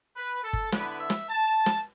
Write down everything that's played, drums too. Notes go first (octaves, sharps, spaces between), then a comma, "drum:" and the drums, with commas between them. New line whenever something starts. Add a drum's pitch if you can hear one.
B4
A4
drum: kick G1
D3 B3 E4 B4, drum: snare
E5
drum: snare
A5
drum: snare